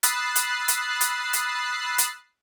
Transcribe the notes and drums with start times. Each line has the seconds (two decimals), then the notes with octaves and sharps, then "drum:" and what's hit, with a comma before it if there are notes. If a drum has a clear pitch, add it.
0.03 B5 D#6 E6 F#6 A6 C7, drum: hi-hat
0.36 drum: hi-hat
0.68 drum: hi-hat
1.01 drum: hi-hat
1.33 drum: hi-hat
1.98 drum: hi-hat